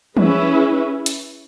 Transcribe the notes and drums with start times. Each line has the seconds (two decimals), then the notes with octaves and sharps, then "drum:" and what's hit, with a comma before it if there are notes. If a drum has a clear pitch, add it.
0.17 C#4 E4 G#4 B4, drum: tom E3
1.06 drum: hi-hat